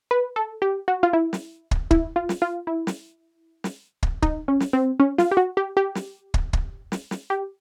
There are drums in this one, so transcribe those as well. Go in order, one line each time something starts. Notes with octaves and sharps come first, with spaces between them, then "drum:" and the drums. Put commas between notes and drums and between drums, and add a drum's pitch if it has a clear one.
B4
A4
G4
F#4
F4
E4
drum: snare
drum: kick
E4, drum: kick
F4
drum: snare
F4
E4
drum: snare
drum: snare
drum: kick
D#4, drum: kick
C#4
drum: snare
C4
C#4
F4, drum: snare
G4
F#4
G4
G4
drum: snare
drum: kick
drum: kick
drum: snare
drum: snare
G4